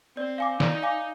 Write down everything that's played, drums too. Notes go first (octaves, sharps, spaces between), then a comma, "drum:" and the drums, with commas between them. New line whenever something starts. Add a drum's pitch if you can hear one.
C4 D5
F5 G#5 D6
D#4 D5, drum: snare
F5 G#5 D6